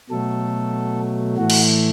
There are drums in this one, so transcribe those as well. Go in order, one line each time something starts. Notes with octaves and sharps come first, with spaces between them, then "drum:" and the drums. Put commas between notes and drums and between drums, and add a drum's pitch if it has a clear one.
B2 F#3 A3 A4
A2 E3 A3 F#4
drum: cymbal